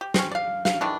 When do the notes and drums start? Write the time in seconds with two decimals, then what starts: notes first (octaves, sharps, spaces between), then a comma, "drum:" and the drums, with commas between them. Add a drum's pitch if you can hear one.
0.01 G4
0.14 C4 C#4, drum: snare
0.31 D5 F5
0.65 F5, drum: snare
0.81 D#3 E3 D4